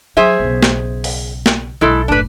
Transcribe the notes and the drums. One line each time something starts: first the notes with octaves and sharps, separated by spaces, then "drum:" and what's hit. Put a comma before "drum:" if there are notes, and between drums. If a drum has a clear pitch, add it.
F#3 G#4 C5 E5
B1 C#3
drum: snare
drum: open hi-hat
drum: snare
B1 F#3 G#3 E4 A4
F#1 A2 D4 B4